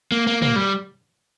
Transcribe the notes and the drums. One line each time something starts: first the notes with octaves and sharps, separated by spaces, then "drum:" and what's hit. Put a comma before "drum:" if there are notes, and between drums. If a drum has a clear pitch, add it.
A#3
A#3
A#3, drum: tom
G3